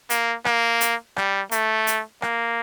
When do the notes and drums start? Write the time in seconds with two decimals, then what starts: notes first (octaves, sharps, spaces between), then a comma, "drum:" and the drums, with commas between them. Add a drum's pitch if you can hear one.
0.10 A#3, drum: hi-hat
0.45 A#3, drum: rim click
0.81 drum: hi-hat
1.17 G3, drum: rim click
1.51 A3, drum: hi-hat
1.87 drum: hi-hat
2.22 A#3, drum: rim click